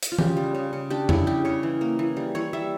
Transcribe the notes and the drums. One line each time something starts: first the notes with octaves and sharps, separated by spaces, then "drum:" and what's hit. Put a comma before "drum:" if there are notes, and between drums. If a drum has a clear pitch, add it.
drum: hi-hat
F4
C#3 G4, drum: tom E3
G3
C#3
C#3
D4 G4
C#3 E4, drum: tom F2
G3 G4
C#3 C#5
E3
A#3
E3
G3
E3 C#5
G3 E5